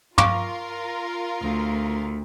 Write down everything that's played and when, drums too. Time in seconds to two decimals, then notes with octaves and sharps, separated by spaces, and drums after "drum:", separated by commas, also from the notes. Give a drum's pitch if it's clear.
0.18 F4 A#4 F5 C#6 D6, drum: tom
1.41 D2